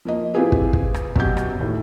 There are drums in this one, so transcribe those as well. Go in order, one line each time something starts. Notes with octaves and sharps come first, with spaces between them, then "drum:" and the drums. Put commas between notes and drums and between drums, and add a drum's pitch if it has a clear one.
F3 A#3 D#5
C4 E4 F4 G4 G#4 B4
drum: kick
drum: kick
drum: rim click
F#2 B2 F#3 G4 G6, drum: kick
drum: rim click
D#2 A2